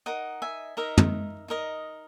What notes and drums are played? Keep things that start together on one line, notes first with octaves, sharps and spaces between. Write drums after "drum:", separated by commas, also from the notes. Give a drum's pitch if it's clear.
D#4 A#4 D#5 F#5 A#5
E5 G#5
D#4 A#4 D#5 E5
drum: tom
D#4 A#4 D#5